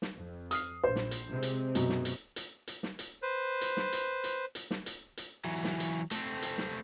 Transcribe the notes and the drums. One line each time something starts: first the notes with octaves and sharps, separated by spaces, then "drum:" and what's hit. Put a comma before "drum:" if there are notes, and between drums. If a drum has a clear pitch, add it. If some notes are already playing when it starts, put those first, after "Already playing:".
drum: snare
F2
D#6 F6 C7, drum: hi-hat
A#1 C5
drum: snare
drum: hi-hat
C3 G#3 C4
drum: hi-hat
F#2 B2, drum: hi-hat
drum: snare
drum: hi-hat
drum: hi-hat
drum: hi-hat
drum: snare
drum: hi-hat
B4 C5
drum: hi-hat
drum: snare
drum: hi-hat
drum: hi-hat
drum: hi-hat
drum: snare
drum: hi-hat
drum: hi-hat
E3 F#3
drum: snare
drum: hi-hat
A3 C4, drum: hi-hat
drum: hi-hat
drum: snare